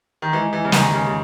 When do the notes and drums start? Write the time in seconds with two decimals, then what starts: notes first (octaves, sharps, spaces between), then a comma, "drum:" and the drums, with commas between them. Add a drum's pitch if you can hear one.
0.22 D#3
0.33 E3 G#3
0.53 E3
0.65 C#3
0.72 D#3, drum: snare
0.93 C#3
1.06 C#3